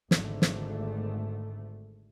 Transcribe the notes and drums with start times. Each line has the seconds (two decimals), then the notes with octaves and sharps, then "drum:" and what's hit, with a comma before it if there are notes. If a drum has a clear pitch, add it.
0.11 G#1 G#2 D3 A3, drum: snare
0.42 drum: snare